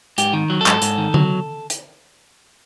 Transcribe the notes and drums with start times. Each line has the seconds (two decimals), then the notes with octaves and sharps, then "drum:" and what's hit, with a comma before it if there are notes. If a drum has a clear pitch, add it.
0.18 G#2 G4, drum: hi-hat
0.33 D#3
0.50 F#3
0.61 A4
0.66 G#2, drum: clap
0.82 G#2, drum: hi-hat
0.98 D#3
1.14 F#3, drum: tom D3
1.70 drum: hi-hat